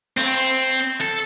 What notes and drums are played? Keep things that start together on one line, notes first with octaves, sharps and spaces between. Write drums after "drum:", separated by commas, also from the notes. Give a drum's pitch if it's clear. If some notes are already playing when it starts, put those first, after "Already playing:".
C4, drum: cymbal
A4